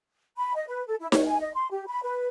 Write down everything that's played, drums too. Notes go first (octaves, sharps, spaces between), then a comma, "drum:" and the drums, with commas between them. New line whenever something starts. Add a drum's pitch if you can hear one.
B5
D#5
B4
A4
E4
C#5, drum: snare D#4
G#5
D#5
C6
G4
B5
B4